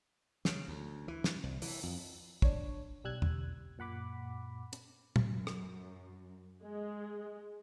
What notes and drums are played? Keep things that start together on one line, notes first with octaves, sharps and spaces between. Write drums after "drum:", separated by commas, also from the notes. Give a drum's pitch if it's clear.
C#3, drum: snare
D2
E3
drum: snare
C2
E3, drum: open hi-hat
F2
D4 C#5, drum: kick
B1 G3 E6 F#6 G#6
drum: tom
F#2 A#2 F#5 B5 D6
drum: hi-hat
F#2, drum: tom
drum: rim click
G#3